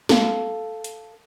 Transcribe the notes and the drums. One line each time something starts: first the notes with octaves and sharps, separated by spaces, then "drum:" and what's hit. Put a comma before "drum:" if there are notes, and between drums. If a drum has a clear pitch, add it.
A4 F5, drum: snare
drum: hi-hat